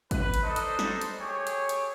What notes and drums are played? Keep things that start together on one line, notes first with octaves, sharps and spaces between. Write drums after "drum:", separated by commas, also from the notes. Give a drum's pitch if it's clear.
B4, drum: kick, hi-hat
drum: hi-hat
D4 D#4 A4 B4 C5 D#5
drum: hi-hat
drum: snare
drum: hi-hat
A3 G4 G#4 C#5
drum: hi-hat
drum: hi-hat